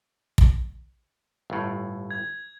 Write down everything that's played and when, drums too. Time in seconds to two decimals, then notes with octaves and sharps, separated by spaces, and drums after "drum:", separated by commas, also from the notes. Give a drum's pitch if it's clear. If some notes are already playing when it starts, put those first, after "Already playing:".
0.38 drum: kick
1.50 G1 A2
2.11 G#6